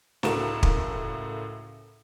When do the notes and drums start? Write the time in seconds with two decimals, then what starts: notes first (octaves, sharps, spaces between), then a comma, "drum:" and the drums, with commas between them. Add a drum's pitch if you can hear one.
0.23 C#2 A2 F#4 A4 A#4 E7, drum: snare
0.63 drum: kick